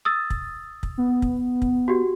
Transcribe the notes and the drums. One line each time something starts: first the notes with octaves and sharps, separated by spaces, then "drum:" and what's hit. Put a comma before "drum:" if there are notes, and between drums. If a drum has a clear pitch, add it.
D#6 E6 A6
drum: kick
drum: kick
B3
drum: kick
drum: kick
F#4 G4